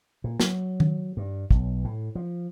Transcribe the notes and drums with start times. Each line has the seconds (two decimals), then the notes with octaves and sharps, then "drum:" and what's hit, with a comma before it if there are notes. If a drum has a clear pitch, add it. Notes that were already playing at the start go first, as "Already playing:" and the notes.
0.24 A#2
0.40 F#3, drum: snare
0.80 drum: tom D#3
1.17 G2
1.51 B1, drum: kick
1.84 A2
2.15 F3